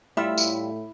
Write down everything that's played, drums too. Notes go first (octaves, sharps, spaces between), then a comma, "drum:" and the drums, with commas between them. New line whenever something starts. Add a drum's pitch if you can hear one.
A2 G3 E4 F4 E5
drum: tambourine